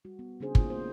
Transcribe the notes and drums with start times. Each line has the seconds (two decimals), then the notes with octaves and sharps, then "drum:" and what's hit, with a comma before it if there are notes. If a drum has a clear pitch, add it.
0.05 G3 F#4
0.19 B3
0.40 C#3 B3 C#4 D4 G#4 C5
0.55 A#3 D#4 F4, drum: kick
0.70 A3 B3 C5